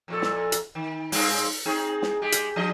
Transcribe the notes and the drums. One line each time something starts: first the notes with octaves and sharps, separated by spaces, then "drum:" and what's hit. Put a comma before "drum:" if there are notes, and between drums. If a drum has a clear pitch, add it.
F2 A#2 A4
drum: snare
drum: hi-hat
D#3
G2 G#3 C4, drum: open hi-hat
C4 D#4 G#4
drum: snare
G#3 G4
drum: hi-hat
F3 D4 D#5